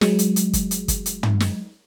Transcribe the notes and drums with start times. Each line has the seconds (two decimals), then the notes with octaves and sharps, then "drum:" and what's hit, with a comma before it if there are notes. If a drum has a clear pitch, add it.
0.01 F#3 G#3, drum: snare
0.19 drum: hi-hat
0.36 drum: hi-hat
0.53 drum: kick, hi-hat
0.71 drum: hi-hat
0.88 drum: kick, hi-hat
1.06 drum: hi-hat
1.23 drum: tom
1.40 drum: snare